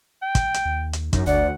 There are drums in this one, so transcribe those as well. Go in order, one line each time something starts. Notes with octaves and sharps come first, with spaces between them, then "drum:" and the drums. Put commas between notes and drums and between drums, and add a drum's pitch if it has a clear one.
G5
drum: kick, hi-hat
drum: hi-hat
D#2
drum: hi-hat
F#2 D#4, drum: kick, hi-hat
G1 D2 D5 F#5